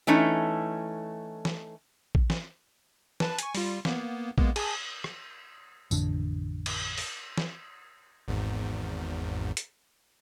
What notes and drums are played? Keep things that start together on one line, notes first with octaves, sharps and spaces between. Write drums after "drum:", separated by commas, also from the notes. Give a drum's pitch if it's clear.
E3 A3 C#4 D#4
drum: snare
drum: kick A#1
drum: snare
B4 A5, drum: snare
G#5 C#6, drum: hi-hat
G3 F4, drum: open hi-hat
A#3 B3, drum: snare
G#3 A#3 B3, drum: kick A#1
G#4 G#5 A5, drum: cymbal
drum: rim click
A1 F2 D3 D4, drum: tambourine
drum: cymbal
drum: open hi-hat
drum: snare
G#1 E2 G#2
drum: hi-hat